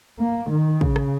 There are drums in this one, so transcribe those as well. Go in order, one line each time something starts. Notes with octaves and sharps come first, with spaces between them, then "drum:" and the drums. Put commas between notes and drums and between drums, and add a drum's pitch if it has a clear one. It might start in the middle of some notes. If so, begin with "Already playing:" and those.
A#3
D#3
C#3, drum: kick
drum: rim click